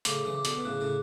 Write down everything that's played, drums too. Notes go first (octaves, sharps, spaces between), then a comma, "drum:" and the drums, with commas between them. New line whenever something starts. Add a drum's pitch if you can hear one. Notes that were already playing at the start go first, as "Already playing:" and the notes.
A2 C#3 D6, drum: hi-hat
C#3 E3
D6
B2 D3, drum: hi-hat
B2
A2 C#3 F#6
A2 C#3